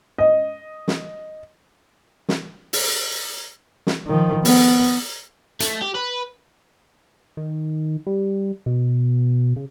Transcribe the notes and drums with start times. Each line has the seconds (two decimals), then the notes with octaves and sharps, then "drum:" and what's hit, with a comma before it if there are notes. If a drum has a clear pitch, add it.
0.18 D#5
0.88 drum: snare
2.29 drum: snare
2.73 drum: open hi-hat
3.87 drum: snare
4.07 D#3 F3
4.45 B3, drum: open hi-hat
5.60 A3, drum: hi-hat
5.82 G4
5.95 B4
7.37 D#3
8.07 G3
8.66 B2
9.56 C#3